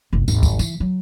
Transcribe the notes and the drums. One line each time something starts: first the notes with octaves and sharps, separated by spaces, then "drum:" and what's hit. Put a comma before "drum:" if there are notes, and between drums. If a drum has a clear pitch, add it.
F#1 C2
G#1 D#2, drum: tambourine
drum: kick, tambourine
E3, drum: tambourine
F#3